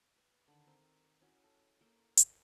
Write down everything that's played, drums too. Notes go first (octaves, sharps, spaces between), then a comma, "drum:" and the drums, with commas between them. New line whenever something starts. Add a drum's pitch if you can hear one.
B4 C#6
D3 D#3 B5
C4 A#4
C#4 E4 F#4 D#5
A4
A#3 A4 A#4 G5
drum: hi-hat